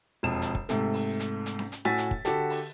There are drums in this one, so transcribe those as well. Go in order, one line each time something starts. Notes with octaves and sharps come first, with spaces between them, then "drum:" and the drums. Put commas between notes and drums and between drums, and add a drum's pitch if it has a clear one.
E1 F2 E7
drum: hi-hat
drum: kick
G#2 C3 A3, drum: hi-hat
drum: open hi-hat
drum: hi-hat
drum: hi-hat
drum: snare C#4
drum: hi-hat
A2 F#4 G#5 E6 A6 B6, drum: snare C#4
drum: hi-hat
drum: kick
D3 F#4 G4 A4, drum: hi-hat
drum: open hi-hat